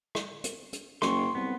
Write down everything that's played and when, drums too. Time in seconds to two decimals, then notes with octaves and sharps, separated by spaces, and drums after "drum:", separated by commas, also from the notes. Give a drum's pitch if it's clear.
0.15 drum: rim click
0.44 drum: hi-hat
0.73 drum: hi-hat
1.02 F#1 C6 C#6, drum: rim click
1.35 C2 B3